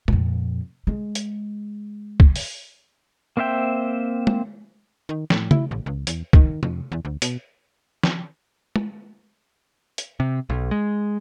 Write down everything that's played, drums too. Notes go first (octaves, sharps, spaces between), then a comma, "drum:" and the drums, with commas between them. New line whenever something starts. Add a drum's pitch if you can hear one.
F2 A#2, drum: tom G#3
G#3
drum: hi-hat
drum: kick
drum: open hi-hat
A#3 C4 C5 E5 G5
drum: tom G#3
D#3
A2, drum: snare F3
E4, drum: tom C#3
A1
C#2
E2, drum: hi-hat
D#3, drum: kick
F2, drum: tom C3
E2
D2
B2, drum: hi-hat
drum: snare F3
drum: tom G#3
drum: hi-hat
C3
B1
G#3